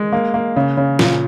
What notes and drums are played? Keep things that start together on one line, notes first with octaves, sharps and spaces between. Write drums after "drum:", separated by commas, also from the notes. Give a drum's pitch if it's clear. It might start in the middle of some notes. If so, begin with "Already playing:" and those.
Already playing: G#3
A#3
A#3
C#3
C#3
A#2, drum: snare